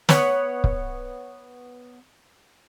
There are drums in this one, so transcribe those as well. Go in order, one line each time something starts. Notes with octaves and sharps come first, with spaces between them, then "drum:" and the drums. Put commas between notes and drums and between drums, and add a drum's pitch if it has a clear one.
B3 C#5, drum: snare
drum: kick